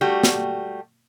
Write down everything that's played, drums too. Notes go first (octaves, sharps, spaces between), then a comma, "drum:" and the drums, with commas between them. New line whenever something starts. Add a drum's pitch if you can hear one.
G3 A3 F#4 G4
drum: snare